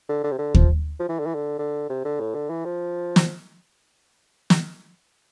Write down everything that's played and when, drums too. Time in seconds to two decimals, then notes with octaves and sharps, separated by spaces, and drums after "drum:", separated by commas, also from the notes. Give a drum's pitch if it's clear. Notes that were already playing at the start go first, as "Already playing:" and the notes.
0.09 D3
0.24 D3
0.31 C3
0.38 D3
0.55 F3, drum: kick D#2
1.00 F3
1.09 E3
1.19 D3
1.26 E3
1.35 D3
1.59 D3
1.89 C3
2.05 D3
2.20 A2
2.34 D3
2.50 E3
2.65 F3
3.16 drum: snare
4.50 drum: snare